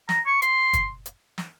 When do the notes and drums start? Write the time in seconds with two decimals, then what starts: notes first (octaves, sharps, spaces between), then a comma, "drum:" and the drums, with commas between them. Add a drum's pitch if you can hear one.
0.09 A#5, drum: snare
0.26 C#6
0.42 C6, drum: hi-hat
0.73 drum: kick, hi-hat
1.06 drum: hi-hat
1.38 drum: snare